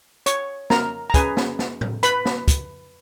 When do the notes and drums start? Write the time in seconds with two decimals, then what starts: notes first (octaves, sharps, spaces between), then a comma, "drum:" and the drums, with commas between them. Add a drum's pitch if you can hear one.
0.26 C#5 C#6, drum: hi-hat
0.70 A#4 A#5, drum: snare
1.10 A#5
1.14 C#4 G#4 B4 G#5, drum: kick, hi-hat
1.37 drum: snare
1.59 drum: snare
1.81 drum: tom A2
2.03 B4 B5, drum: hi-hat
2.25 drum: snare
2.48 drum: kick, hi-hat